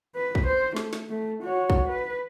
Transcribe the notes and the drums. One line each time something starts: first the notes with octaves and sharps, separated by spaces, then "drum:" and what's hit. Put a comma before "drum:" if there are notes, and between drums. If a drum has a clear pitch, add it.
B4
drum: kick
C5
A3, drum: snare
drum: snare
A3
F#4 C#5
drum: kick
B4